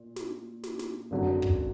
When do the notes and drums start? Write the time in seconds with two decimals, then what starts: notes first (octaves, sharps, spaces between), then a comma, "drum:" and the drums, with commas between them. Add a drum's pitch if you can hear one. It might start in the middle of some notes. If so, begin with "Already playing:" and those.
Already playing: A#2
0.16 drum: snare
0.64 drum: snare
0.79 drum: snare
1.11 G#1 F#2 D3 F#3
1.42 drum: kick